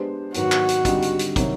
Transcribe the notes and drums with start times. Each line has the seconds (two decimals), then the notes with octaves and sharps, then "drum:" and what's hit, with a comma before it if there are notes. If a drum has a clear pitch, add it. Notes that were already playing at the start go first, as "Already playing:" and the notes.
Already playing: G#3 B3 D4 G4 C5
0.34 G#2 D#3 F#3 B3 F#4, drum: hi-hat
0.52 drum: clap
0.69 drum: hi-hat
0.85 D3 G3 C4 D#4, drum: kick, hi-hat
1.02 drum: hi-hat
1.19 drum: hi-hat
1.36 C3 D#3 F#3, drum: kick, hi-hat